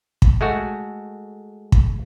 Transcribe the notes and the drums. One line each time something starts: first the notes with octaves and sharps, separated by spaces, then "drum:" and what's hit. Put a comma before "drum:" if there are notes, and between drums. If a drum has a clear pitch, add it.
drum: kick
G#3 A3 F#4
drum: kick